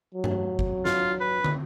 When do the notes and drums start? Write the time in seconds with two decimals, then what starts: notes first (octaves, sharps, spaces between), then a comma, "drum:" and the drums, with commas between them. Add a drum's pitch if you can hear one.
0.14 F#3
0.24 drum: tom G2
0.59 drum: kick G1
0.85 F4, drum: snare
1.21 B4
1.44 drum: tom